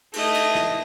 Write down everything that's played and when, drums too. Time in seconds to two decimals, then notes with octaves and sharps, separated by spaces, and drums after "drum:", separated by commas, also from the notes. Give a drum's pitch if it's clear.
0.13 A3 D#5, drum: cymbal
0.34 drum: cymbal
0.55 drum: snare